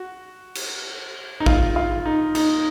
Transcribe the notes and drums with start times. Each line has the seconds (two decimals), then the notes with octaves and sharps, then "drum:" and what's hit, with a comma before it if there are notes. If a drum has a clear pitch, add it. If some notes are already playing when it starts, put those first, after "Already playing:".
Already playing: F#4
0.55 drum: cymbal
1.40 D#4
1.46 F4, drum: kick
1.76 F4
2.06 D#4
2.35 D#4, drum: cymbal